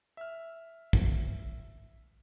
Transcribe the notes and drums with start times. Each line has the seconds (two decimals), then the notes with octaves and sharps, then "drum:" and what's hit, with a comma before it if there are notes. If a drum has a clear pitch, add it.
0.17 E5 F6
0.93 drum: kick